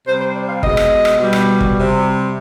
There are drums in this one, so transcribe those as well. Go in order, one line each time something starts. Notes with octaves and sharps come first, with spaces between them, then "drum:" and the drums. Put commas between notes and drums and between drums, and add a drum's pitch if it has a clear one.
C3 G3 C5
C5
D5
F5
B2 G#3 D#5, drum: kick G1
drum: rim click
drum: rim click
B2 G3
drum: rim click
drum: kick G1
C3 G3